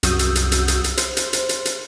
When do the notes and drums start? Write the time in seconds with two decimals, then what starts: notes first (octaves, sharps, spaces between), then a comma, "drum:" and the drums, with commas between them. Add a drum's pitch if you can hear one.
0.03 C2 F#2 F#4 D#6 E6 G6, drum: hi-hat
0.19 drum: hi-hat
0.35 drum: hi-hat
0.52 drum: hi-hat
0.68 drum: hi-hat
0.84 drum: hi-hat
0.97 C5, drum: hi-hat
1.17 drum: hi-hat
1.33 drum: hi-hat
1.49 drum: hi-hat
1.65 drum: hi-hat